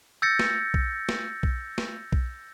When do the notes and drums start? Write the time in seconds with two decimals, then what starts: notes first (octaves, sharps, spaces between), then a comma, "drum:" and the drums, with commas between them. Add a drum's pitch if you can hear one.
0.22 E6 G6 A6 A#6 C#7
0.39 drum: snare
0.74 drum: kick B1
1.09 drum: snare
1.43 drum: kick B1
1.78 drum: snare
2.12 drum: kick B1